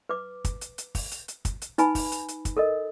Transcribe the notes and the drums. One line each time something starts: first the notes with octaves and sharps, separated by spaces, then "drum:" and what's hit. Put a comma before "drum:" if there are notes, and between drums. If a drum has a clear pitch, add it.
B4 D6
drum: kick, hi-hat
drum: hi-hat
drum: hi-hat
drum: kick, open hi-hat
drum: hi-hat
drum: hi-hat
drum: kick, hi-hat
drum: hi-hat
D#4 B4 G#5 B5, drum: hi-hat
drum: kick, open hi-hat
drum: hi-hat
drum: hi-hat
drum: kick, hi-hat
A4 A#4 D#5